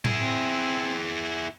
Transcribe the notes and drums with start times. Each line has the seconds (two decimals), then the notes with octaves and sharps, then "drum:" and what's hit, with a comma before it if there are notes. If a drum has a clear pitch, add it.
0.05 E4 G#4, drum: tom A2
0.19 C4